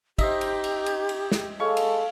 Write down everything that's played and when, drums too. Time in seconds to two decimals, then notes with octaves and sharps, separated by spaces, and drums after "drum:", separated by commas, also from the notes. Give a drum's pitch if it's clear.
0.19 D#4 G4 C5 D#5 E5, drum: kick, cymbal
0.41 drum: cymbal
0.64 drum: cymbal
0.86 drum: cymbal
1.09 drum: cymbal
1.32 drum: snare
1.60 G#3 A4 C#5 F5 C#6
1.77 drum: cymbal